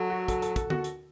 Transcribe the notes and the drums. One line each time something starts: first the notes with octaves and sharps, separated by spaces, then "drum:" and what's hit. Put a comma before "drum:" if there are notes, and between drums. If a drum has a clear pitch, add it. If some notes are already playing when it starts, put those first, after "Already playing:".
Already playing: F#3 A4
F#4
A4, drum: kick, hi-hat
A4, drum: hi-hat
A4, drum: kick, hi-hat
F#4, drum: tom D3
drum: hi-hat